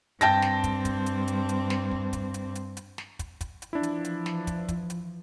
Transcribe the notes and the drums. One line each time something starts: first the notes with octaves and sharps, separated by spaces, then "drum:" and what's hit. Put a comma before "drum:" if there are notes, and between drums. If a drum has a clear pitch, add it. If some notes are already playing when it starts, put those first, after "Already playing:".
G2 C4 G5 A5 A#6, drum: hi-hat
drum: snare
drum: kick, hi-hat
drum: kick, hi-hat
drum: hi-hat
drum: hi-hat
drum: hi-hat
drum: snare
drum: kick
drum: kick, hi-hat
drum: hi-hat
drum: hi-hat
drum: hi-hat
drum: snare
drum: kick, hi-hat
drum: kick, hi-hat
drum: hi-hat
E3 F3 D4 E4
drum: hi-hat
drum: hi-hat
drum: snare
drum: kick, hi-hat
drum: kick, hi-hat
drum: hi-hat